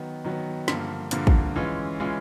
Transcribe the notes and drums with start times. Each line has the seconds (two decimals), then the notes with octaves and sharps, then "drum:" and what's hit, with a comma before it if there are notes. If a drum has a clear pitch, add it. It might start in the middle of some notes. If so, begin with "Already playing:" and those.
Already playing: D#3 F#3 B3
0.24 D#3 F#3 B3
0.68 G2 D3 F3 A#3, drum: snare
1.11 G2 D3 F3 A#3, drum: hi-hat
1.27 drum: kick
1.56 E3 G#3 C#4 F4
2.00 E3 G#3 C#4 F4